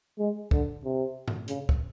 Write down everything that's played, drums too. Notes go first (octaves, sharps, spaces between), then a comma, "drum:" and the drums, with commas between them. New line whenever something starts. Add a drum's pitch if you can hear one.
G#3
D3, drum: kick
C3
drum: tom G2
C#3, drum: hi-hat
drum: kick